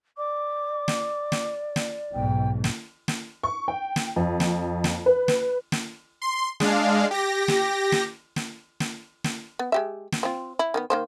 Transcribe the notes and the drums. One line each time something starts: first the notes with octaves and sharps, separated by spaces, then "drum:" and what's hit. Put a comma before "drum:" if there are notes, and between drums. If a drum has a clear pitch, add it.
D5 D6
drum: snare
drum: snare
drum: snare
B1 G#2 G5
drum: snare
drum: snare
C#6
G5
drum: snare
F2
drum: snare
drum: snare
B4
drum: snare
drum: snare
C6
G#3 D4 F5, drum: snare
G4 A#6
drum: snare
drum: snare
drum: snare
drum: snare
drum: snare
B3
G#3 G4 E5
drum: snare
C4 F4
E4
D#3 A#3 B3
D#3 A#3 C5